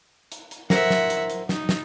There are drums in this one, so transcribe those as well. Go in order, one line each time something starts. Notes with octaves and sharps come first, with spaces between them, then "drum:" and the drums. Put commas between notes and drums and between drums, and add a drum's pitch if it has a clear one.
drum: hi-hat
drum: hi-hat
E4 A#4 C5 E5 F#5, drum: snare
drum: snare
drum: hi-hat
drum: hi-hat
D#4, drum: snare
drum: snare